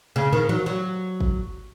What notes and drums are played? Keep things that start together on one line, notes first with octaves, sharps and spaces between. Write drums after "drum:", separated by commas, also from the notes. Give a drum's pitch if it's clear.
C#3
D#3, drum: tom
F#3, drum: tom D#3
F#3
drum: kick